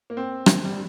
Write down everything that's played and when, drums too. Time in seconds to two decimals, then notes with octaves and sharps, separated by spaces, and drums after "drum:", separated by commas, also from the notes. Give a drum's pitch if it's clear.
0.10 A#3
0.17 C4
0.46 drum: rim click
0.65 G3